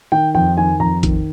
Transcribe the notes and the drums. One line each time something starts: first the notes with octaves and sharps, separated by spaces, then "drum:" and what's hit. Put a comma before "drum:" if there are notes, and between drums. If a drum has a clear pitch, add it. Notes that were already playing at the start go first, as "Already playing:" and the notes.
D#3 G5
F2 G5
D#3 G#5
F2 A#5
D#3, drum: kick A#1, hi-hat